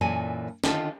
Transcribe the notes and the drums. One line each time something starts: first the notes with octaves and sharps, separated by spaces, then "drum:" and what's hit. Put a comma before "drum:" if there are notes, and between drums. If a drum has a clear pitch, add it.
F#2 A#2 E3 A4 D5 G#5
D3 D#3 F4 A4, drum: snare